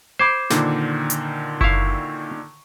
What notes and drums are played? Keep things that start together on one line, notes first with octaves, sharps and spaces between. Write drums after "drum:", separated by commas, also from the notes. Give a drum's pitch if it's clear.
C5 B5 D6 G#6
A#2 D3 D#3, drum: snare
drum: hi-hat
E4 F5 C#6, drum: kick F#1